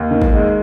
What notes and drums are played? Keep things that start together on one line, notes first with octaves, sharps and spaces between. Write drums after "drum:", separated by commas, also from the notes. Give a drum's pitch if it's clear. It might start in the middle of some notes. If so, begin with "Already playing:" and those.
Already playing: D#2
D#3
drum: kick
G#3